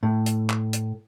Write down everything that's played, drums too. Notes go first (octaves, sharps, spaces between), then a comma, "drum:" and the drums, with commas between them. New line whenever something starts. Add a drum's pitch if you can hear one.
A2
drum: hi-hat
drum: clap
drum: hi-hat